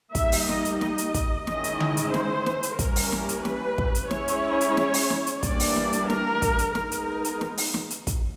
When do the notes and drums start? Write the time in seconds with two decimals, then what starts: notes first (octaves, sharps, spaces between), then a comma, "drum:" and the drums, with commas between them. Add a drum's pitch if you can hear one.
0.15 G3 A#3 D#4 E5, drum: kick, hi-hat
0.32 drum: open hi-hat
0.49 D#5, drum: snare
0.65 drum: hi-hat
0.81 D#5, drum: snare
0.98 drum: hi-hat
1.14 drum: kick, hi-hat
1.47 D#3 G#3 C#4 E4 D#5, drum: snare
1.64 drum: hi-hat
1.80 drum: tom D3
1.97 drum: hi-hat
2.14 C5, drum: snare
2.46 drum: snare
2.63 drum: hi-hat
2.79 G3 A#3 C#4 E4 A#4, drum: kick, hi-hat
2.96 drum: open hi-hat
3.12 drum: snare
3.29 drum: hi-hat
3.45 B4, drum: snare
3.78 drum: kick
3.95 drum: hi-hat
4.11 G#3 C#4 E4 C#5, drum: snare
4.28 drum: hi-hat
4.61 drum: hi-hat
4.77 drum: snare
4.94 drum: open hi-hat
5.10 drum: snare
5.27 drum: hi-hat
5.43 E3 G3 A#3 D4 D5, drum: kick, hi-hat
5.60 drum: open hi-hat
5.76 drum: snare
5.93 drum: hi-hat
6.10 A#4, drum: snare
6.42 drum: kick, hi-hat
6.59 drum: hi-hat
6.75 G#3 B3 D#4 A#4, drum: snare
6.92 drum: hi-hat
7.24 drum: hi-hat
7.41 drum: snare
7.57 drum: open hi-hat
7.74 drum: snare
7.90 drum: hi-hat
8.07 drum: kick, hi-hat